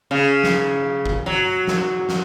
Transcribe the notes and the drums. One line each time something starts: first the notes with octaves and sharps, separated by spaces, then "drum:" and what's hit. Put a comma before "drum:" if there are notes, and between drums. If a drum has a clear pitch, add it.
C#3
drum: snare
drum: kick G1
F#3
drum: snare
drum: snare